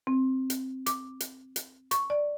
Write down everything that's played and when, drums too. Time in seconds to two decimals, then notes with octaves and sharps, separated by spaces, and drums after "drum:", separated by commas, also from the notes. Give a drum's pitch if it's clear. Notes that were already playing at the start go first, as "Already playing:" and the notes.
0.07 C4
0.50 drum: hi-hat
0.86 D6, drum: hi-hat
1.20 drum: hi-hat
1.56 drum: hi-hat
1.91 C#6, drum: hi-hat
2.10 D5